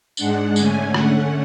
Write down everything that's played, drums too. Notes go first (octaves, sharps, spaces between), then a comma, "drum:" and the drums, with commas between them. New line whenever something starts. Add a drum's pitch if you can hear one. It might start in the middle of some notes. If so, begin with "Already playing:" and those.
G#2 G#3 D4 F#5, drum: tambourine
D3 A3 C#4 G#5, drum: tambourine
D3 A3 C#4 F#5, drum: rim click